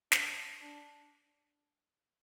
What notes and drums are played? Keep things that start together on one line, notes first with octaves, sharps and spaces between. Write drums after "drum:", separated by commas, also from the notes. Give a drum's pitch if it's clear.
D4, drum: snare
D4